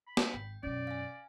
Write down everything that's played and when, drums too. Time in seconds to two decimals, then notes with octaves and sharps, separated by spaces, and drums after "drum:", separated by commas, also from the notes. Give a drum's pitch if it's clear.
0.07 B5
0.17 drum: snare
0.34 G#1 G5
0.63 F#2 B2 C#4 D5
0.87 F5 G#5